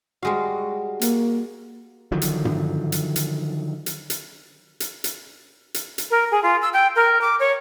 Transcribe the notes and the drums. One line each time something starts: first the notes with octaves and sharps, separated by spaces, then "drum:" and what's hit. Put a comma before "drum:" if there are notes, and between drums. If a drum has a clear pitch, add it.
G3 G#3 F#4 F5
A#3, drum: hi-hat
D3 D#3 F3 F#3
drum: hi-hat
drum: tom G2
drum: hi-hat
drum: hi-hat
drum: hi-hat
drum: hi-hat
drum: hi-hat
drum: hi-hat
drum: hi-hat
drum: hi-hat
A#4
G#4
F4
E6
G5
A#4
D6
C#5